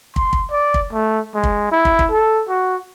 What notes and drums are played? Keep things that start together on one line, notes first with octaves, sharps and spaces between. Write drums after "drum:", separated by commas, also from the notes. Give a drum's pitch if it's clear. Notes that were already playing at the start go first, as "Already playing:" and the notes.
C6, drum: kick
drum: kick
D5
drum: kick
A3
G#3
drum: kick
E4
drum: kick
drum: kick
A4
F#4